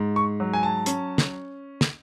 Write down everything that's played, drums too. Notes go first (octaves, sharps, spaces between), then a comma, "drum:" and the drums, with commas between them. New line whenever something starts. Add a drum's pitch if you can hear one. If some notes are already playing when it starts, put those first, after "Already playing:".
Already playing: G#2
C#6
F#3
G#5
A5
C#4, drum: hi-hat
drum: snare
drum: snare